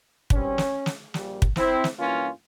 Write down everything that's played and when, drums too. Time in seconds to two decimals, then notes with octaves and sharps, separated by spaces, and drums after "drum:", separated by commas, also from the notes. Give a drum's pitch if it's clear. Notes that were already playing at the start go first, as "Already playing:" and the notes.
0.30 G#1 G2 G3 C4 C#4, drum: kick
0.58 drum: snare
0.86 drum: snare
1.14 A#1 A#2 G3, drum: snare
1.42 drum: kick
1.56 C4 E4, drum: snare
1.84 drum: snare
1.98 G2 E3 A#3 C#4 F4